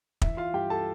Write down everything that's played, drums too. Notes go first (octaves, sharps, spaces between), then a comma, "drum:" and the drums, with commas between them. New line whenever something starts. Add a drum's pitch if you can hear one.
E3 E5, drum: kick
F4 F5
G2 G4 G5
A4 A5